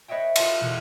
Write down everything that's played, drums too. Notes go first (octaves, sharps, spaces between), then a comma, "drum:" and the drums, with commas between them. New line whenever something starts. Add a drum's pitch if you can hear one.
B4 C#5 D#5 E5 G5
F4 A4 A#4 F#5 A5 C6, drum: cymbal
E1 B2 F#6 C#7